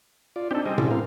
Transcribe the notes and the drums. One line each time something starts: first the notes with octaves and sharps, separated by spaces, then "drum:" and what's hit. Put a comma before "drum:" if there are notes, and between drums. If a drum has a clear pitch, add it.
F4 D5
C4 D4 D#4 G4 A4
G3 G#3 C4 G4 D#5
E4 A4, drum: tom A2
C4 A#4 F5